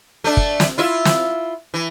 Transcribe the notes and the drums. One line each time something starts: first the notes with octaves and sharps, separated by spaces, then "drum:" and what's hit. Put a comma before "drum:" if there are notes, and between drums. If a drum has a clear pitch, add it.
A3 D4
drum: kick
drum: snare
E4 F4 E5
drum: snare
E3